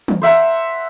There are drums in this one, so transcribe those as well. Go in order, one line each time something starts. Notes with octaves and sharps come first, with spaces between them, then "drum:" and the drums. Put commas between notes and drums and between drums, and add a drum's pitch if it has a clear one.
drum: tom E3
C5 E5 F#5 A#5